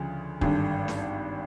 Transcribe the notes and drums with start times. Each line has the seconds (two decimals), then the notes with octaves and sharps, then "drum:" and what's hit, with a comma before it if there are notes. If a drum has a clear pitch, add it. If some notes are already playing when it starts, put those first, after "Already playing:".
Already playing: D2 C#3 F3
0.41 G#1 G2 D3, drum: kick
0.88 drum: snare